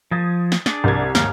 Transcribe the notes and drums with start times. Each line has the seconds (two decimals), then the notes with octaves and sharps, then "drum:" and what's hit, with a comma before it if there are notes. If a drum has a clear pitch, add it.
0.11 F3 D#6 G#6 A6
0.52 drum: snare
0.66 D4 G#4, drum: snare
0.84 C2 A#4 G#6
1.15 D#2 G#2 F6, drum: snare